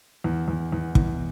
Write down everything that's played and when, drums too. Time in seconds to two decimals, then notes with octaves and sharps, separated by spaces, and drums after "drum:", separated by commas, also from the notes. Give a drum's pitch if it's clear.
0.24 E2
0.48 E2
0.72 E2
0.95 E2, drum: kick